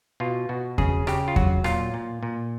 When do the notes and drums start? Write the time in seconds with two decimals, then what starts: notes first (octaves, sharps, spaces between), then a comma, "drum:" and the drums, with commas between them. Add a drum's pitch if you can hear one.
0.20 B2 F4
0.49 B2 F#4
0.78 C#3 G#4, drum: kick E2
1.07 C#3 G4, drum: rim click
1.28 F4
1.36 F#3 F#4, drum: kick E2
1.64 A#2 F4, drum: rim click
1.94 A#2
2.23 A#2